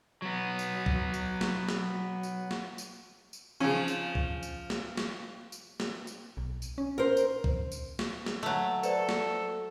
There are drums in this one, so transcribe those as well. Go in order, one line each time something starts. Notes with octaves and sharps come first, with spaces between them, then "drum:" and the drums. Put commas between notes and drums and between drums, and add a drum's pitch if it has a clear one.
F#3 B3
drum: tambourine
drum: kick
drum: tambourine
drum: snare
drum: snare
drum: tambourine
drum: snare
drum: tambourine
drum: tambourine
C#3 F3 C#4
drum: tambourine
drum: kick
drum: tambourine
drum: snare
drum: snare
drum: tambourine
drum: snare
drum: tambourine
B1
drum: tambourine
C#4
A#4 C5
drum: tambourine
drum: kick
drum: tambourine
drum: snare
drum: snare
F#3 A3
A4 B4 C5 D5, drum: tambourine
drum: snare